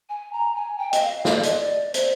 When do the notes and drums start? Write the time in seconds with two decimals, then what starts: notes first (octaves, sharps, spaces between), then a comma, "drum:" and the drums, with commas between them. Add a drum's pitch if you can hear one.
0.09 G#5
0.33 A#5
0.55 G#5
0.78 G5
0.93 D#5, drum: hi-hat
1.01 F5
1.25 D#5, drum: snare
1.34 D5
1.43 D#5, drum: hi-hat
1.59 D5
1.94 C5, drum: hi-hat